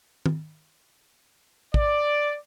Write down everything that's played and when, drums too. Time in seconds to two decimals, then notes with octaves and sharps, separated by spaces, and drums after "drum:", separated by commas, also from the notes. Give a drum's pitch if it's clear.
0.26 drum: tom
1.74 D5, drum: kick